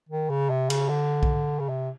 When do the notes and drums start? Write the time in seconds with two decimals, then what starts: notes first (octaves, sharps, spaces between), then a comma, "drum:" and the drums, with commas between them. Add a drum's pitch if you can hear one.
0.09 D#3
0.30 C#3
0.50 C3
0.70 C#3, drum: cymbal
0.89 D3
1.23 drum: kick B1
1.59 C#3
1.69 C3